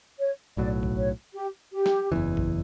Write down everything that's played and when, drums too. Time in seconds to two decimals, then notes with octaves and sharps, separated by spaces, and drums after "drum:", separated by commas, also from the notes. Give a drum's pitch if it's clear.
0.19 C#5
0.57 B1 A2 F#3 D5
0.83 drum: kick
0.96 C#5
1.34 G4
1.73 G4
1.86 drum: snare
2.12 F#1 E2 C#3 E3
2.37 drum: kick